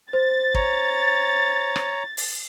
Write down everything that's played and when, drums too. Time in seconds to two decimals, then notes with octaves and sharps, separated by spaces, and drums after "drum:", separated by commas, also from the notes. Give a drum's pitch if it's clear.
0.13 C5 A6
0.54 C#5 A#5, drum: kick
1.76 drum: rim click
2.17 drum: open hi-hat